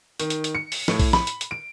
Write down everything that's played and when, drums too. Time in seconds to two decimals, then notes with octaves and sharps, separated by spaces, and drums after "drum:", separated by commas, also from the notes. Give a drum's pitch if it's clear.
0.20 D#3, drum: hi-hat
0.30 drum: hi-hat
0.44 drum: hi-hat
0.55 C#7
0.72 drum: open hi-hat
0.88 A2, drum: snare
0.99 drum: kick B1, open hi-hat
1.13 B5, drum: snare
1.27 drum: hi-hat
1.41 drum: hi-hat
1.51 D7